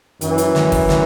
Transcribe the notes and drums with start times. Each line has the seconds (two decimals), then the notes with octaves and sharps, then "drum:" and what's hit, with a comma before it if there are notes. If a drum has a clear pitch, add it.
0.21 F#2 E3, drum: hi-hat
0.38 drum: hi-hat
0.55 drum: snare
0.72 drum: kick, open hi-hat
0.89 drum: snare